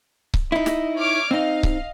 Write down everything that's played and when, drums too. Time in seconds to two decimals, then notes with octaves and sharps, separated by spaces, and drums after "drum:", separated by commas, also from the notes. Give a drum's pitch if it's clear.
0.34 drum: kick C#1
0.52 D#4 E4 D#5
0.66 drum: snare
0.98 C#5 D6 F6
1.31 C4 D#4 D#5 F5
1.63 drum: kick C#1